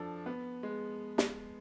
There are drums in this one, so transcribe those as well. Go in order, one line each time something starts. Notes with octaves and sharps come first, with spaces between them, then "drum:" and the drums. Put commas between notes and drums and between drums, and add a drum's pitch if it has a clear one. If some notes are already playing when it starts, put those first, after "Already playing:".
Already playing: F3 D4 A4
B3
G#3
drum: snare